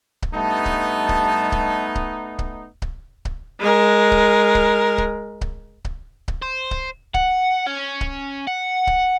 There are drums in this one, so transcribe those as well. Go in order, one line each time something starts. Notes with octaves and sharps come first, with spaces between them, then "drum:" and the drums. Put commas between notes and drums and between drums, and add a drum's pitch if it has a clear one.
drum: kick C#1
G2 A3 B3 D#4 A5
drum: kick C#1
drum: kick C#1
drum: kick C#1
drum: kick C#1
drum: kick C#1
drum: kick C#1
drum: kick C#1
G#3 A#4
drum: kick C#1
drum: kick C#1
drum: kick C#1
drum: kick C#1
drum: kick C#1
drum: kick C#1
C5
drum: kick C#1
F#5, drum: kick C#1
C#4
drum: kick C#1
F#5
drum: kick C#1